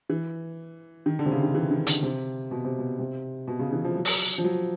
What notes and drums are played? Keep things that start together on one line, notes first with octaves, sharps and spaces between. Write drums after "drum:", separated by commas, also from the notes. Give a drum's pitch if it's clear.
E3
D#3
D3
C3
C#3
D#3
E3
D#3
D3, drum: hi-hat
C3
B2
C3
B2
C3
B2
C#3
E3
F3
F#3
drum: open hi-hat
F3
F#3